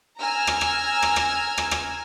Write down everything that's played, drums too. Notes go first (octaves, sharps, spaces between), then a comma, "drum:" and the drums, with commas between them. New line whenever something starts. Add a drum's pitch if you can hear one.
G#5 A#5 E6 F6 G#6
drum: rim click
drum: rim click
drum: rim click
drum: rim click
drum: rim click
drum: rim click